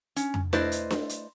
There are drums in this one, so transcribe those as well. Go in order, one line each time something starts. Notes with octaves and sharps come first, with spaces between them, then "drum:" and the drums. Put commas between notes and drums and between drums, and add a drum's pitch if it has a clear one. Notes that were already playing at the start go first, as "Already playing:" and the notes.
C#4, drum: hi-hat
drum: tom F2
A3 E4 B4 C5 D5 D#5, drum: snare D4
drum: hi-hat
drum: snare D4
drum: hi-hat